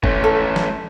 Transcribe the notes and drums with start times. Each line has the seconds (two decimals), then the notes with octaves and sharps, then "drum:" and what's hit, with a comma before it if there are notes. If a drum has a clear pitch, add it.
0.04 A3 C#4, drum: kick F#1
0.24 A4
0.56 drum: snare